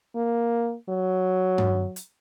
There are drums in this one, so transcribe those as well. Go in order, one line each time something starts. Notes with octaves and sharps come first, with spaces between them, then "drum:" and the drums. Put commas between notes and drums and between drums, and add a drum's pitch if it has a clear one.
A#3
F#3
drum: tom G2
drum: hi-hat